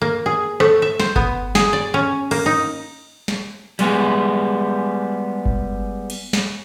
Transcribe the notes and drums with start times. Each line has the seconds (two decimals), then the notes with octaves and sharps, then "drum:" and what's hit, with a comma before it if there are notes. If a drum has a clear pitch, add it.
0.02 A#3
0.26 G#4
0.60 A3, drum: rim click
0.82 E5
1.00 C5, drum: snare
1.16 B3, drum: kick G1
1.55 G#4, drum: snare
1.73 D5
1.94 C#4
2.31 A#3, drum: cymbal
2.46 D#4
3.28 drum: snare
3.79 G3 G#3 B3, drum: hi-hat
5.46 drum: kick G1
6.10 drum: cymbal
6.33 drum: snare